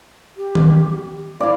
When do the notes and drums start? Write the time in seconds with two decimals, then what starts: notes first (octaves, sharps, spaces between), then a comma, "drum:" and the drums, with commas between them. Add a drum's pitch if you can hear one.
0.37 G4
0.55 drum: tom D#3
1.40 E4 D5 F5